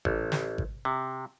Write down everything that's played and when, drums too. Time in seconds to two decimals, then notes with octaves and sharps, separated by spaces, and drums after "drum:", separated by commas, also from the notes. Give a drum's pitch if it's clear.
0.05 A1, drum: kick G#1
0.32 drum: snare
0.58 drum: kick G#1
0.85 C3